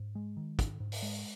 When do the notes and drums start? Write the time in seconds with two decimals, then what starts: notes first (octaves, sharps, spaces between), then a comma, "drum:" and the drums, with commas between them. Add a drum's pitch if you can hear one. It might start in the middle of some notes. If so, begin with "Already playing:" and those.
Already playing: G#2
0.15 G#3
0.37 D#3
0.59 G#2, drum: kick, hi-hat
0.80 G#2
0.92 drum: open hi-hat
1.02 G#3